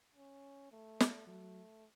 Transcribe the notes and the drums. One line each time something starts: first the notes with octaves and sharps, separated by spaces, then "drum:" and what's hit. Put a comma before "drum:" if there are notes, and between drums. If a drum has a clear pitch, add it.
C#4
A3
drum: snare
F#3 A3